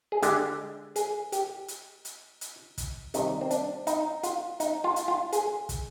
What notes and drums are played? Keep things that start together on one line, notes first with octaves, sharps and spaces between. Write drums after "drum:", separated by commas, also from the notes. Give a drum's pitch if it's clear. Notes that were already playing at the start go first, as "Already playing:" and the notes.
G#4
D3 G#3 G4, drum: hi-hat
G#4, drum: hi-hat
G4, drum: hi-hat
drum: hi-hat
drum: hi-hat
drum: hi-hat
drum: kick, hi-hat
C3 D#3 G3 D#4, drum: hi-hat
C4
D4, drum: hi-hat
D#4, drum: hi-hat
F4, drum: hi-hat
D#4, drum: hi-hat
F4
drum: hi-hat
F4
G#4, drum: hi-hat
drum: kick, hi-hat